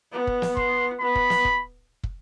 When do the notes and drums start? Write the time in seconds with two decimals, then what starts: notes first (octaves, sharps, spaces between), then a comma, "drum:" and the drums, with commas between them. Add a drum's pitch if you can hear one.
0.12 B3
0.27 drum: kick
0.42 drum: snare
0.57 C6, drum: kick
1.00 B3 B5
1.15 drum: kick
1.30 drum: snare
1.45 drum: kick
2.03 drum: kick